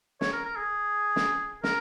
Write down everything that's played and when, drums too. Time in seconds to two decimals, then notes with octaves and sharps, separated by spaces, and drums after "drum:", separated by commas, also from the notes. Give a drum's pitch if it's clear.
0.21 C#5, drum: snare
0.33 A#4
0.46 A#4
0.57 G#4
1.16 drum: snare
1.64 A#4, drum: snare